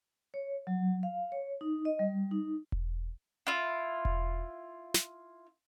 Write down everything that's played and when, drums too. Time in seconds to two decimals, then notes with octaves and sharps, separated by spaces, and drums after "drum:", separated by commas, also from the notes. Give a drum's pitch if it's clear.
0.34 C#5
0.67 F#3
1.03 F5
1.32 C#5
1.61 D#4
1.85 D#5
1.99 G3
2.31 D#4
2.72 drum: kick E1
3.47 E4 F4
4.05 drum: kick E1
4.94 drum: snare